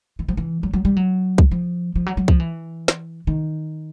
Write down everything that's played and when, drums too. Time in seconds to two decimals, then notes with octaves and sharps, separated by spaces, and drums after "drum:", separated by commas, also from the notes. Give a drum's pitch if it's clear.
0.19 E3
0.28 F3
0.37 E3
0.63 F#3
0.73 F#3
0.85 G3
0.96 F#3
1.38 drum: kick C2
1.51 F3
1.95 F3
2.06 F#3
2.17 F#3
2.28 F3, drum: kick C2
2.40 E3
2.88 drum: snare
3.27 D#3